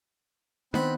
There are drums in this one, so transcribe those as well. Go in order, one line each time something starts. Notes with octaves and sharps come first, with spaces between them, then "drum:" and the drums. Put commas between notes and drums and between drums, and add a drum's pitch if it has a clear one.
D#3 B3 C4 B5 F#6, drum: snare D4